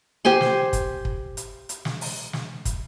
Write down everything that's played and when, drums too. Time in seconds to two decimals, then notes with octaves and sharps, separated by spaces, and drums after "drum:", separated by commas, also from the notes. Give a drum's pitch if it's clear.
0.25 G4 C5 G#5 C6
0.41 drum: snare
0.73 drum: kick, hi-hat
1.05 drum: kick
1.37 drum: hi-hat
1.69 drum: hi-hat
1.85 drum: snare
2.01 drum: open hi-hat
2.33 drum: snare
2.65 drum: kick, hi-hat